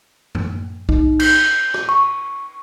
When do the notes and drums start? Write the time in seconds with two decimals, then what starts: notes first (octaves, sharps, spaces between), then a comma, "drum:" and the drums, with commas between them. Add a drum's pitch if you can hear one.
0.35 drum: tom
0.89 D#4, drum: kick B1
1.20 G6, drum: cymbal
1.74 drum: rim click
1.89 C#6